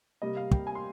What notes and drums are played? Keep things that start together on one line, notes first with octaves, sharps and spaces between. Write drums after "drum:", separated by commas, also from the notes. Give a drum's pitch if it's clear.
C3 G3 A#3 D#5
F5
C3 G3 A#3 G5, drum: kick
G#5
C6